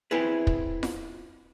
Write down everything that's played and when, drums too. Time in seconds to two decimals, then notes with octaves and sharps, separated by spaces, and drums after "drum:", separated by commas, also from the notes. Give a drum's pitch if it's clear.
0.11 C4 E4 G#4 B4
0.47 drum: kick
0.83 drum: snare F4